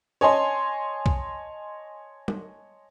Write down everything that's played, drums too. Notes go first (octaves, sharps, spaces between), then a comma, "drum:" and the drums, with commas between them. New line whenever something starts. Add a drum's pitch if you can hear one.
C#5 D#5 G#5 A5 C6
drum: kick B1
drum: tom